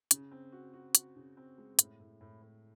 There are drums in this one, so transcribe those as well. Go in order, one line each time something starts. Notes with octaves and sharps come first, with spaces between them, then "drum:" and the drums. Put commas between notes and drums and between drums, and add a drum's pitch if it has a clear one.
C#3, drum: hi-hat
C4
F#4
F#4
F#4, drum: hi-hat
C#3
C4
G#3
A2, drum: hi-hat
A2
A2
A2